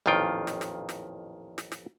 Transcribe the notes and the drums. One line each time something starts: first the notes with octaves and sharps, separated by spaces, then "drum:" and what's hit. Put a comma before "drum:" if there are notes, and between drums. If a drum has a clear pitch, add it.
A1 F2 A#2 D#3 F4 G5
drum: snare
drum: snare
drum: snare
drum: snare
drum: snare